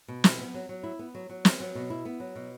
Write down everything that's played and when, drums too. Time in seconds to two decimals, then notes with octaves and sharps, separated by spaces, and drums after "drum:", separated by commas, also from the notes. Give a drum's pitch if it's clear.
0.08 B2
0.24 E4, drum: snare
0.39 B3
0.54 F#3
0.69 F#3
0.83 E4
0.99 B3
1.15 F#3
1.29 F#3
1.45 B3, drum: snare
1.60 F#3
1.75 B2
1.90 E4
2.05 B3
2.20 F#3
2.36 B2